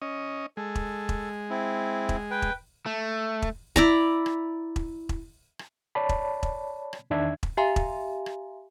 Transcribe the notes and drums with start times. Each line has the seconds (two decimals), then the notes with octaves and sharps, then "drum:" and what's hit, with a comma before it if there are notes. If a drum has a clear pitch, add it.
0.02 C#4 D#5
0.57 G#3 A4
0.75 drum: kick E1
1.09 drum: kick E1
1.50 C4 E4
2.09 drum: kick E1
2.31 B4 G5
2.42 drum: kick E1
2.86 A3
3.42 drum: kick E1
3.76 E4 D5 A#5, drum: kick E1
4.26 drum: rim click
4.76 drum: kick E1
5.09 drum: kick E1
5.59 drum: rim click
5.95 C#5 D5 A5 B5
6.09 drum: kick E1
6.43 drum: kick E1
6.93 drum: rim click
7.10 E2 D#3 D4 E5 G#6
7.43 drum: kick E1
7.57 G4 E5 F5 G#5 A#5 C6
7.76 drum: kick E1
8.26 drum: rim click